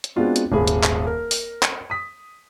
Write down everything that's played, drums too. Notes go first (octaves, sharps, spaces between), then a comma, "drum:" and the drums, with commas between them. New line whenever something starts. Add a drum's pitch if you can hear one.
drum: hi-hat
G#3 B3 C4 D4 F4 F#4
drum: hi-hat
D#1 G#1 G#4 B5
drum: hi-hat
drum: clap
A#4
drum: open hi-hat
drum: clap
D#6 B6